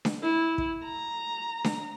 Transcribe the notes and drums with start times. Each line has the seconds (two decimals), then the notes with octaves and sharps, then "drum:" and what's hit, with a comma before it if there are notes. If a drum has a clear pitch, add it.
0.05 drum: snare D4
0.22 E4
0.58 drum: kick
0.85 A#5
1.64 drum: snare D4